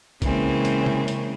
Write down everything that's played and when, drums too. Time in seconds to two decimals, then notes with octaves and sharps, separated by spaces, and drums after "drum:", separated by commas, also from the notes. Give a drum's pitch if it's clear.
0.22 C#3 E3 G#3 A#3 C4 C#4, drum: kick B1, hi-hat
0.65 drum: hi-hat
0.86 drum: tom
1.08 drum: hi-hat